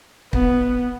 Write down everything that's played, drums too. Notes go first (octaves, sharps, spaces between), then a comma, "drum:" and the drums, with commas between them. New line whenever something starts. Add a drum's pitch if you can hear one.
B3, drum: kick